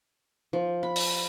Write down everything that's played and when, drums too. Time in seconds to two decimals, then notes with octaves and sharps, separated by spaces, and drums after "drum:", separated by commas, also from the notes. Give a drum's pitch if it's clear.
0.53 F3
0.83 B5
0.96 drum: open hi-hat